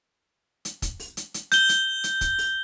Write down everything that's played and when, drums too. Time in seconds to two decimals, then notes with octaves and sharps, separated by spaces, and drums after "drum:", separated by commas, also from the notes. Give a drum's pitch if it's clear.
0.65 drum: hi-hat
0.82 drum: kick, hi-hat
1.00 drum: open hi-hat
1.17 drum: hi-hat
1.34 drum: hi-hat
1.52 G6 G7, drum: hi-hat
1.69 drum: hi-hat
2.04 drum: hi-hat
2.21 drum: kick, hi-hat
2.38 drum: open hi-hat